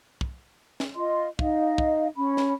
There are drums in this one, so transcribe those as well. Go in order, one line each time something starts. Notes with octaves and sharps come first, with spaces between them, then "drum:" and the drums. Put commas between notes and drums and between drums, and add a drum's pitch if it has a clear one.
drum: kick
drum: snare
F4 D#5 C6
D#4 D#5 F5, drum: kick
drum: kick
C#4 B5
drum: snare